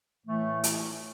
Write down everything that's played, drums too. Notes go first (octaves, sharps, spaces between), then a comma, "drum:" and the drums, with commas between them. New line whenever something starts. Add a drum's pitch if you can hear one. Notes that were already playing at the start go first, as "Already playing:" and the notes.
A2 E3 A3
drum: hi-hat